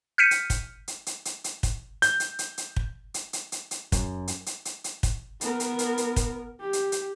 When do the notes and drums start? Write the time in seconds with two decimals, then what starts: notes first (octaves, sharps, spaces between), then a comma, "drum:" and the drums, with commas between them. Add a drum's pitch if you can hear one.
0.18 F6 G6 B6 C#7 D#7
0.31 drum: hi-hat
0.50 drum: kick, hi-hat
0.88 drum: hi-hat
1.06 drum: hi-hat
1.25 drum: hi-hat
1.44 drum: hi-hat
1.63 drum: kick, hi-hat
2.02 G6, drum: hi-hat
2.20 drum: hi-hat
2.39 drum: hi-hat
2.58 drum: hi-hat
2.76 drum: kick
3.14 drum: hi-hat
3.33 drum: hi-hat
3.52 drum: hi-hat
3.71 drum: hi-hat
3.92 F#2, drum: kick, hi-hat
4.28 drum: hi-hat
4.46 drum: hi-hat
4.65 drum: hi-hat
4.84 drum: hi-hat
5.03 drum: kick, hi-hat
5.41 B3 A#4, drum: hi-hat
5.60 drum: hi-hat
5.79 drum: hi-hat
5.98 drum: hi-hat
6.16 drum: kick, hi-hat
6.61 G4
6.73 drum: hi-hat
6.92 drum: hi-hat